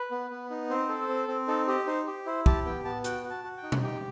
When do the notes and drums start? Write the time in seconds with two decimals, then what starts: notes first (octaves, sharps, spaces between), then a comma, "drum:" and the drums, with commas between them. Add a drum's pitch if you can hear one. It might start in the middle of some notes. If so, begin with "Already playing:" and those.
Already playing: B4
0.11 B3
0.30 B3
0.50 D#4
0.70 C4 C5
0.89 A4
1.08 C4
1.28 C4
1.48 D#4 A4
1.67 G4 D#5
1.87 D#4 C5
2.07 G4
2.26 E4 C5
2.46 G4 A5, drum: kick
2.65 B3 G5
2.85 B3 A5
3.04 F#4 G5, drum: hi-hat
3.24 F#4
3.30 A5
3.44 F#4
3.57 G5
3.63 D#4
3.72 drum: tom B2
3.83 G4 G5